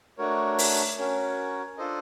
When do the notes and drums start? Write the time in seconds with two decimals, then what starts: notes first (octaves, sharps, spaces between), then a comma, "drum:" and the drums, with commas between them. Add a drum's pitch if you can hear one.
0.18 A3 D4 F#4 A#4 C#5
0.59 drum: open hi-hat
0.98 C#4 F#4 A#4 C#5
1.78 D4 F4 A4 C5 D#5